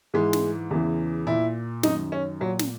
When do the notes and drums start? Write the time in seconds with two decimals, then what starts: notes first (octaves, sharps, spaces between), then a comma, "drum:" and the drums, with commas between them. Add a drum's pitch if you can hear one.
0.14 G#2 E3 G#3
0.33 drum: snare
0.71 E2 C#3 E3
1.27 A#2 E4
1.83 F#2 D#3 D#4, drum: snare
2.12 C#4
2.40 A#2 F#3
2.59 drum: snare